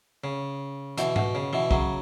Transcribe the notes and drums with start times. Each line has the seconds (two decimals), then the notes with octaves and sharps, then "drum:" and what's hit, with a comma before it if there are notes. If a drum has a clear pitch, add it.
0.24 C#3
0.98 B2 E3, drum: hi-hat
1.16 B2, drum: tom G#2
1.35 C#3
1.53 B2 E3
1.71 C#3 F#3, drum: kick